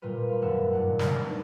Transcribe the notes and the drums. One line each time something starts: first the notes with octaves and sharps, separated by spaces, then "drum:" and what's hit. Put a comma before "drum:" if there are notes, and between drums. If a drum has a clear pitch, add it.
A#2 G3 F4 B4 D#7
F5 B5
D#1 F#2 A3 A#4 F#5 E7
G2 A#2 D5 F#5
G3 A3 C4 D4, drum: snare
B3 C4 D4 D#4 B4